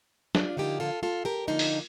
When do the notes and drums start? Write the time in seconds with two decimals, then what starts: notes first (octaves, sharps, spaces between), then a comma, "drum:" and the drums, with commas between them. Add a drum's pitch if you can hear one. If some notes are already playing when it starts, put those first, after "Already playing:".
0.35 D4 F4, drum: snare
0.57 D3 F3 A#3 D#4 G4
0.80 F4 A4
1.03 F4 A4
1.25 G4 A#4
1.47 D3 F3 A#3 D#4 G4
1.59 drum: open hi-hat